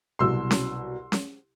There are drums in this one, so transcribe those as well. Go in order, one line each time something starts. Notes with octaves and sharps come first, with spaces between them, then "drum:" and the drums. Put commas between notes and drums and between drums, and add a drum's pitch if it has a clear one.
C2 B2 F#3 C6 E6
drum: snare C#4
drum: snare C#4